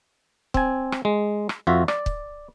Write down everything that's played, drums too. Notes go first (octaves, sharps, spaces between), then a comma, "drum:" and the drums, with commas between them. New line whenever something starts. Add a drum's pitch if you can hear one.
C4 G#5, drum: kick
drum: rim click
G#3
drum: rim click
F2 F4 F#4 E5
D5, drum: rim click
drum: kick